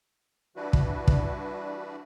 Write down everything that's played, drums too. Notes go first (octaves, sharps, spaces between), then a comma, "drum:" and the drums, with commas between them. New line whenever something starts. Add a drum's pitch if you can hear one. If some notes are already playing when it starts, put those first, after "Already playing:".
E3 G3 D4 E4 F#4 B4
drum: kick
drum: kick